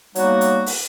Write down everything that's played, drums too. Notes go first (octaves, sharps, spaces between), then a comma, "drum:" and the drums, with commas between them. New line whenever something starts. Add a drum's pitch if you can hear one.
F#3 G3 A#3 B3 D#4 F#4, drum: hi-hat
drum: hi-hat
drum: open hi-hat